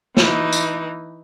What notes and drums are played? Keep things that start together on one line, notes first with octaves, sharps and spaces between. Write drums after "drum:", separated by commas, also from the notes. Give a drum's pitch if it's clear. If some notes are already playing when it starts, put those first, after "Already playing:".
E3 D#4, drum: snare
drum: tambourine